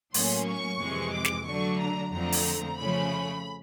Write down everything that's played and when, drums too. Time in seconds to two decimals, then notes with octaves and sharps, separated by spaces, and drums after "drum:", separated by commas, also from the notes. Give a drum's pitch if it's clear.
0.14 A2 F#3 A#3 C#4 C6, drum: open hi-hat
0.47 C#6
0.80 F2 C3 E3 G#3
1.13 D6
1.25 drum: snare
1.46 D3 F#3 A3 D4 C#6
1.79 A#5
2.12 F2 D3 F3 A3 C4 A#5
2.32 drum: open hi-hat
2.78 C#3 F3 A3 C#4 B5